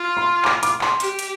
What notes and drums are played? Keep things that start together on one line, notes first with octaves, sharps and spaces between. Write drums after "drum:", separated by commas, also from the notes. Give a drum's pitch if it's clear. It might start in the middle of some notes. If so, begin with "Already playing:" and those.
Already playing: F4
C6
D6, drum: clap
D6, drum: hi-hat
C6, drum: clap
G4, drum: hi-hat
drum: hi-hat